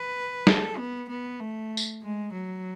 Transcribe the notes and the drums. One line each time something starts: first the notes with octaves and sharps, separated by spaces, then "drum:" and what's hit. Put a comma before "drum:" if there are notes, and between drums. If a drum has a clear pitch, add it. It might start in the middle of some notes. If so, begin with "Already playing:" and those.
Already playing: B4
A4, drum: snare
B3
B3
A3
drum: tambourine
G#3
F#3